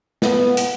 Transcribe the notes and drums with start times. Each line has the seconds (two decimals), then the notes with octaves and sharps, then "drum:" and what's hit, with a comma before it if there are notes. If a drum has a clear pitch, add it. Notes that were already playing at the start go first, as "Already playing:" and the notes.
0.22 B3, drum: snare
0.57 drum: hi-hat